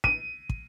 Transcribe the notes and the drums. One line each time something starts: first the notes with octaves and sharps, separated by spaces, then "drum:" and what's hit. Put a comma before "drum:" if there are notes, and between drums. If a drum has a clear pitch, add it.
D#7, drum: kick
drum: kick